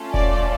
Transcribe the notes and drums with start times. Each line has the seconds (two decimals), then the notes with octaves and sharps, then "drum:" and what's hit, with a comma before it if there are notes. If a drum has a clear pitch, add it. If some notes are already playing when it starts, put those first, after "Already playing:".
Already playing: A3 C#4 F4 A4
0.14 D5, drum: kick E1